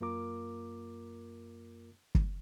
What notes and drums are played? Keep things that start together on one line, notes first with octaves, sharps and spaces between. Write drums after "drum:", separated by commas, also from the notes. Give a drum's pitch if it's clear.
F#2 A#3 F4 A#4 D6
drum: kick